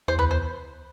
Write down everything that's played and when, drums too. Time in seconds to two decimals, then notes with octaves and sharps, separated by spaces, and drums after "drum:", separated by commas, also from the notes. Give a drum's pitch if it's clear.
0.08 E2 C5
0.19 B4, drum: tom D2
0.31 C5